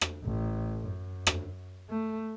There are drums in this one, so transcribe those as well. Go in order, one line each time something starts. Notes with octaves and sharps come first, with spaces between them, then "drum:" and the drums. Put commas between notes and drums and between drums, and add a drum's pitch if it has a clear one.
drum: rim click
A1
F#2
drum: rim click
A3